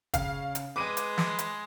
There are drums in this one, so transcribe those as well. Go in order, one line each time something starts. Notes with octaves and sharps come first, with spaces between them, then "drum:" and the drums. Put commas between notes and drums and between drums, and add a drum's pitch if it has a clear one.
C#3 F5, drum: kick, hi-hat
drum: hi-hat
G#3 B4 D6 D#7
drum: hi-hat
drum: snare
drum: hi-hat